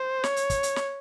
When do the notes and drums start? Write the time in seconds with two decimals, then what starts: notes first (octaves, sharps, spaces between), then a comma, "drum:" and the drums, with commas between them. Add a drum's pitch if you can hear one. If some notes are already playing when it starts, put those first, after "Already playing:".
Already playing: C5
0.24 C#5, drum: snare
0.36 drum: hi-hat
0.50 drum: kick, hi-hat
0.63 drum: hi-hat
0.76 drum: snare